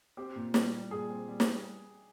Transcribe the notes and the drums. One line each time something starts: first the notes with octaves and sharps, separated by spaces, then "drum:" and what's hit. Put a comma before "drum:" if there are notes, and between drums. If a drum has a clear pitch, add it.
C4 G4
A#2
G3, drum: snare
G3
A#2 G#4
C4
G3
drum: snare